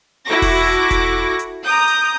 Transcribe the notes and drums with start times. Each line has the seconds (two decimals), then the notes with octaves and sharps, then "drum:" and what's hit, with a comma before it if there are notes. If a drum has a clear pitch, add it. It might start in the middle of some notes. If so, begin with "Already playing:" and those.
0.25 E4 F#4 A4 C#6 D6 A#6
0.42 drum: kick E1, open hi-hat
0.91 drum: kick E1, hi-hat
1.39 drum: hi-hat
1.63 A#5 D6 D#6 G6
1.88 drum: hi-hat